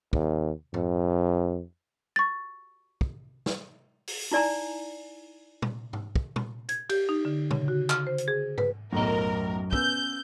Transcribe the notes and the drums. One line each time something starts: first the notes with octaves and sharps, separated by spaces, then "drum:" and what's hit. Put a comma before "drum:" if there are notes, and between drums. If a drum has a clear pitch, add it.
D#2, drum: kick
F2, drum: tom G#2
C#6 A6
drum: kick
drum: snare
drum: open hi-hat
D#4 E4 D5 G#5 A#5
drum: tom A#2
drum: tom G#2
drum: kick
drum: tom A#2
G#6, drum: hi-hat
G4, drum: cymbal
D#4
D3
C#3, drum: tom A#2
F#4
F6, drum: clap
C5
drum: hi-hat
G#4
B4, drum: tom G#2
B1 F#2 A2 A#4 D#5
B3 C#4 E6 G6, drum: kick